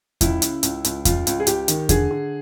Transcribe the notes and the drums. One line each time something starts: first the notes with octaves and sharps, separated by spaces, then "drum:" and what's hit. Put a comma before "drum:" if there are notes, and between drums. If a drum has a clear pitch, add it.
C#2 E4, drum: kick E2, hi-hat
C#3, drum: hi-hat
C#2, drum: hi-hat
C#2, drum: hi-hat
C#2 F4, drum: kick E2, hi-hat
C#2, drum: hi-hat
G#4
C#2 G4, drum: hi-hat
D#3, drum: hi-hat
D3 G#4, drum: kick E2, hi-hat
D3